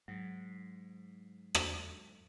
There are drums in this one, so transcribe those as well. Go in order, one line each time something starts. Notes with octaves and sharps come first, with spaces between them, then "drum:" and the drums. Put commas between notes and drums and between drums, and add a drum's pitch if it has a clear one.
G#2 F#3
drum: rim click